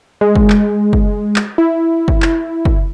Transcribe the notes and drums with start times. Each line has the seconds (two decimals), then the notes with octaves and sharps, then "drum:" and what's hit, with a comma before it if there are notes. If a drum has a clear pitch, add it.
0.21 G#3
0.36 drum: kick
0.50 drum: clap
0.93 drum: kick
1.36 drum: clap
1.58 E4
2.08 drum: kick
2.22 drum: clap
2.65 drum: kick